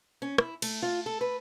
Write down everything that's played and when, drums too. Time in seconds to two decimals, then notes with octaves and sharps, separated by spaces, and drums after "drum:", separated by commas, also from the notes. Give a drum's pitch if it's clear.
0.22 C#4
0.38 E4, drum: rim click
0.62 A3, drum: cymbal
0.82 F4
1.06 A4
1.21 B4